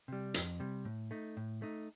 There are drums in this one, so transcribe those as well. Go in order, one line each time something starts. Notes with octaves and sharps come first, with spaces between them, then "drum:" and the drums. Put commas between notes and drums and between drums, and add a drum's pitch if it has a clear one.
C3 G3
F2, drum: hi-hat
C3 G3
A2
A3 D#4
A2
A3 D#4